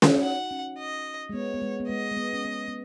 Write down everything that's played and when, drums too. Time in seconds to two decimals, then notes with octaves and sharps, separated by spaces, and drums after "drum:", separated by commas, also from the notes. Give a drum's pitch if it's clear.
0.02 drum: snare
0.17 F#4
0.22 D#4 F#5
0.51 C#4
0.78 D#5
1.29 G#3
1.34 B3 C#5
1.54 B3
1.62 G#3
1.80 B3
1.89 G#3 D#5
2.11 G#3
2.17 B3
2.33 C#4
2.45 B3
2.68 B3